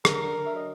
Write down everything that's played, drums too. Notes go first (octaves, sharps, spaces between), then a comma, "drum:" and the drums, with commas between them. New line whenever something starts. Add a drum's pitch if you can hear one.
D3 A#4, drum: rim click
D3
D3
E5
F#3 D#5